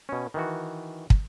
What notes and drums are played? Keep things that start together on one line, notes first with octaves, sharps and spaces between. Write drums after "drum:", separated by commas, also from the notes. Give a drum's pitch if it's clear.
B2 C#4
D#3 E3 F#4
drum: kick